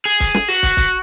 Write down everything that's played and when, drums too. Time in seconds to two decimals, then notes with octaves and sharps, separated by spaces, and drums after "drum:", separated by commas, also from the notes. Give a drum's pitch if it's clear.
0.05 G#4
0.20 drum: kick, hi-hat
0.34 drum: snare
0.48 F#4, drum: hi-hat
0.63 drum: kick, hi-hat
0.77 drum: kick, hi-hat